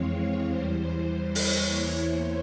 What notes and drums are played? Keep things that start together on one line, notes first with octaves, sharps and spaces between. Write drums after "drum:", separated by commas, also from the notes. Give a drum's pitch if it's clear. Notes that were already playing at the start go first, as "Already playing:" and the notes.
Already playing: F2 E3 G#3 C4 C#5 F5
E2 E3 G3 C5
C#5, drum: open hi-hat
E2 E3 A#3 E4
C5